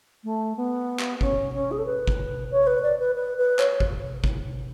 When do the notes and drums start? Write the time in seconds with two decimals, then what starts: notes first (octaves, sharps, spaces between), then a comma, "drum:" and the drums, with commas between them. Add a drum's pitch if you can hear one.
0.24 A3
0.57 B3
0.99 drum: clap
1.21 C#4, drum: kick G#1
1.54 C#4
1.71 G#4
1.78 A4
1.86 B4
2.07 drum: kick G#1
2.51 C#5
2.67 B4
2.83 D5
2.99 B4
3.15 B4
3.38 B4
3.59 C#5, drum: clap
3.80 drum: kick G#1
4.24 drum: kick G#1